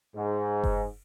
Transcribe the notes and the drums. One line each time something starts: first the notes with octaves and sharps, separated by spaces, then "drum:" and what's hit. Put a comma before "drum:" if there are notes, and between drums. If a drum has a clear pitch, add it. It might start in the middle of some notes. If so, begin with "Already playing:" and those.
G#2
drum: kick F#1